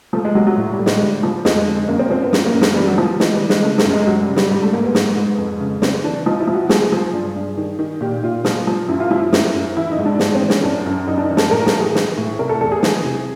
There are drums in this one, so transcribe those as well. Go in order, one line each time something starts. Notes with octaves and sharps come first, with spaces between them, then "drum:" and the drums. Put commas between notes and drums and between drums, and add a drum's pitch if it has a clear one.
F3 A3
G#3
F3 F#3
F#3
A2
G3
A2
G#3, drum: snare
D3 G3
F3
F2 G#3, drum: snare
D3
F#2 A#3
C4
F3 C4
B3
F#2, drum: snare
A#3
F#2
A3, drum: snare
E3 G3
F#3
E3 F3
E3 G#3, drum: snare
G3
E3
G#3, drum: snare
C#3 A3
A3, drum: snare
F#2
G#3
F#2 F#3
G3
C#3
G3, drum: snare
G#2 G3
A3
G#2 A#3
B3
G#2, drum: snare
G#2
F2
C#3
C#3 C4, drum: snare
E3 D4
F3 D#4
E4
F3
F#4
F3 G#4, drum: snare
F3
G2
G2
D#3
D#3
A#2 G4
A#2 F4
F3, drum: snare
F3
F#2 E4
F4
F3 E4
E4
F#2, drum: snare
F#2
E3 E4
D#4
G#2
D4
G#2 D4, drum: snare
C4
E3
C#4, drum: snare
F#2 D4
F#2
F#2 D#4
D4
D#4
E3
A4, drum: snare
A2 A#4
A4, drum: snare
E3
G#4
E3, drum: snare
A2
C3 A#4
A4
E2 A4
G#4
E3, drum: snare
C3